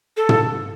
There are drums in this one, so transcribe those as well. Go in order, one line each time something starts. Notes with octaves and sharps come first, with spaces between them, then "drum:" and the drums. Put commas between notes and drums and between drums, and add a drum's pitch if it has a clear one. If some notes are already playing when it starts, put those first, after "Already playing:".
A4
drum: tom